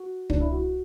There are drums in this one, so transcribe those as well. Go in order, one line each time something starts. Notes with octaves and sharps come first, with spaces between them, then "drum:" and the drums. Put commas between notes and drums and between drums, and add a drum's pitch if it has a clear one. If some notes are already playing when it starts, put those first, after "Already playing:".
Already playing: F#4
D4, drum: kick
E4
F#4